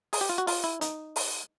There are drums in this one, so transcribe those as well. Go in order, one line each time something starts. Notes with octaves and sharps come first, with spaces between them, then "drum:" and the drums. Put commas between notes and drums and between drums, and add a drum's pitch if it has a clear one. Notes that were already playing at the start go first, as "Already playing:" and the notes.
G#4, drum: open hi-hat
G4
F4
F#4
F4, drum: open hi-hat
E4
D#4, drum: hi-hat
drum: open hi-hat